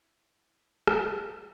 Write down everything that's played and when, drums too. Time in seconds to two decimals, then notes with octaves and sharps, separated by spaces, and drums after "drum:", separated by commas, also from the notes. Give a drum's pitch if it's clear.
0.01 E4
0.47 E4
0.87 drum: rim click
1.24 F#4
1.33 F4